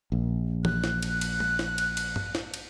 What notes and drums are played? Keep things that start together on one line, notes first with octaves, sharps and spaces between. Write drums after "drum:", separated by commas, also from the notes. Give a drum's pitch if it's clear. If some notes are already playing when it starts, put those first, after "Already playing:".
A#1
F#6, drum: tom
drum: snare
drum: cymbal
drum: cymbal
drum: tom
drum: snare
drum: cymbal
drum: cymbal
drum: tom
drum: snare
drum: cymbal